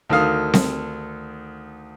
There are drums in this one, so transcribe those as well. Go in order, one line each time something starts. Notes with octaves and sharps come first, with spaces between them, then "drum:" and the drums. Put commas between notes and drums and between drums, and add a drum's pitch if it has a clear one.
D2 D#3 A4 F5 D#6
drum: snare C4